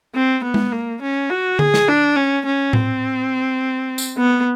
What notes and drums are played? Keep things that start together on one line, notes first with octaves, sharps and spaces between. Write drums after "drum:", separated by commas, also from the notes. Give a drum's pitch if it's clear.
C4
B3
drum: tom G#3
A#3
C#4
F#4
G#4, drum: tom D3
drum: snare
D4
C#4
C#4
C4, drum: tom A2
drum: tambourine
B3